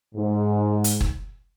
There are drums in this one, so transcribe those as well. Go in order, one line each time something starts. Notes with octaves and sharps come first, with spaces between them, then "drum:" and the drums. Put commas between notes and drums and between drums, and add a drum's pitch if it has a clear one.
G#2
drum: hi-hat
drum: kick